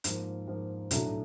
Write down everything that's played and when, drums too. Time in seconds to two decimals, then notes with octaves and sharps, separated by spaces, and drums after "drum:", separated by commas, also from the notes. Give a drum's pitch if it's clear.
0.04 G#2 F3 A#3, drum: hi-hat
0.47 G#2 F3 A#3
0.91 B1 A2 F#3 A3 D4, drum: hi-hat